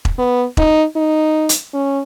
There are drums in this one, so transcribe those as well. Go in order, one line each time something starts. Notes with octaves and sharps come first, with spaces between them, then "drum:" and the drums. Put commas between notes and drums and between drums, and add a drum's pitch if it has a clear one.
drum: kick E1
B3
D#4, drum: kick E1
D#4
drum: hi-hat
C#4